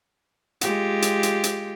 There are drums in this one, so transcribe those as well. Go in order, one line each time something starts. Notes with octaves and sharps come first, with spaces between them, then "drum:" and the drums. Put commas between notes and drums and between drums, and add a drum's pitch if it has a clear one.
G#3 F4 G4, drum: hi-hat
drum: hi-hat
drum: hi-hat
drum: hi-hat